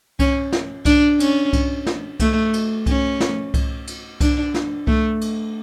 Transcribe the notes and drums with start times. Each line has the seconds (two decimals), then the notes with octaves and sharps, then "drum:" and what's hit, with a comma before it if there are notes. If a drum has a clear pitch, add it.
0.19 C#4, drum: kick C2, cymbal
0.53 drum: snare
0.85 D4, drum: kick C2, cymbal
1.20 C#4, drum: cymbal
1.53 drum: kick C2, cymbal
1.86 drum: snare
2.20 A3, drum: kick C2, cymbal
2.53 drum: cymbal
2.86 C#4, drum: kick C2, cymbal
3.20 drum: snare
3.54 drum: kick C2, cymbal
3.87 drum: cymbal
4.21 D4, drum: kick C2, cymbal
4.54 drum: snare
4.87 A3, drum: kick C2
5.21 drum: cymbal